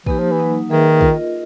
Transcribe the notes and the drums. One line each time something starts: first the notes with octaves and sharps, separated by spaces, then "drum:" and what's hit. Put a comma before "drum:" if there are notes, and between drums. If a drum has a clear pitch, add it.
E3 A#3 D#4 G4, drum: kick
F3
E3
F#3 A#3 D#4
D#3 A#3 D#4 G#4 B4 E5
F4 A#4 D#5, drum: kick